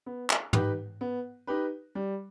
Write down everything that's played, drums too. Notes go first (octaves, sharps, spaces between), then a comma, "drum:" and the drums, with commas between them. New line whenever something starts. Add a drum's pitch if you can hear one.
B3
drum: clap
D#4 G4 B4, drum: tom
B3
D#4 G4 B4
G3